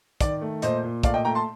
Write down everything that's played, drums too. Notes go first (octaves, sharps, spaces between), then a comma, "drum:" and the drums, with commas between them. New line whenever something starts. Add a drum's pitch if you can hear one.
D#3 D5, drum: kick, hi-hat
A3
A#2 C5 D#5, drum: hi-hat
A#2
A3 D5 F5, drum: kick, hi-hat
D#5 G5
A3 G5 A#5
A5 C6